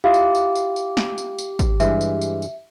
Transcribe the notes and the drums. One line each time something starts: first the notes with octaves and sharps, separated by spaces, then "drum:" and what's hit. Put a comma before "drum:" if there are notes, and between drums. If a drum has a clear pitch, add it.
E4 F4 G4 D#5 F5
drum: tambourine
drum: tambourine
drum: tambourine
drum: tambourine
drum: snare
drum: tambourine
drum: tambourine
drum: kick, tambourine
G2 E3 G#3 E5, drum: tambourine
drum: tambourine
drum: tambourine
drum: tambourine